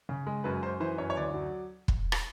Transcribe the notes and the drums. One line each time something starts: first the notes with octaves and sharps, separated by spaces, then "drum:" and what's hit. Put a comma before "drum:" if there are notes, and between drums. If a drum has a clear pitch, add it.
C#3
G#3
F#2 B4
F#2 C5
E3 C5
F#2 C#5
C#5
D2 D5
F#3
drum: kick
drum: rim click